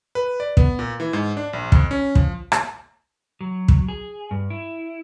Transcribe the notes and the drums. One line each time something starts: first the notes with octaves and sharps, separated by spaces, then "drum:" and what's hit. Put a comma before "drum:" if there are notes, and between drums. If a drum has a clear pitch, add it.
B4
D5
B3, drum: kick
A#2
E3
G#2
D4
A#1
F2, drum: kick
C#4
F3, drum: kick
drum: rim click
F#3
drum: kick
G#4
G2
E4